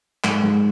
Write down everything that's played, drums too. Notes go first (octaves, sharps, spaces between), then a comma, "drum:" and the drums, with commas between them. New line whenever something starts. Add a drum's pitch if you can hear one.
G#2, drum: clap
G#2